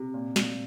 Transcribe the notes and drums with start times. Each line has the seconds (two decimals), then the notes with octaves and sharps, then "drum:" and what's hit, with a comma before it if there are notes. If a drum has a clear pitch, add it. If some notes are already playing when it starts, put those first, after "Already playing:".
Already playing: C3
0.14 A#2
0.36 A#2, drum: snare